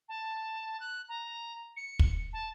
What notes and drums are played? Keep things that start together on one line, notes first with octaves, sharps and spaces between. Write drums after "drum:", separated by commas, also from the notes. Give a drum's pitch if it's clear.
A5
F#6
A#5
C#7
drum: kick
A5